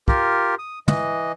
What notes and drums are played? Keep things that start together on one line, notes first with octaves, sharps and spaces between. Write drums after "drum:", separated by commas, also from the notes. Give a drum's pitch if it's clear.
F4 G4 A#4, drum: kick
D#6
E3 D#5, drum: tom